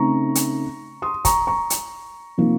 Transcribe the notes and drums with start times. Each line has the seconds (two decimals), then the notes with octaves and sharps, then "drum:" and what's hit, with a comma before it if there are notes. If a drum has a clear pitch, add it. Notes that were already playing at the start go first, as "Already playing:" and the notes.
Already playing: C#3 A3 C4 D#4 A#5 C#6
0.35 drum: hi-hat
1.02 C6 D#6
1.25 A#5 C#6, drum: kick, hi-hat
1.47 A#5 C#6
1.70 drum: hi-hat
2.38 C3 F3 A#3 D#4